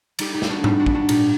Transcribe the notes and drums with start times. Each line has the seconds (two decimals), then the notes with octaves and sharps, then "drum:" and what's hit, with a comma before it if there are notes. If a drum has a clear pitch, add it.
0.19 G3 D#4 G4, drum: cymbal
0.34 D#4 G4
0.42 G3, drum: snare
0.49 D4 F#4
0.64 G3 D#4, drum: tom G#2
0.79 D4 F#4
0.86 G3, drum: kick
0.95 D4 F#4
1.09 A#2 D#4 G4, drum: cymbal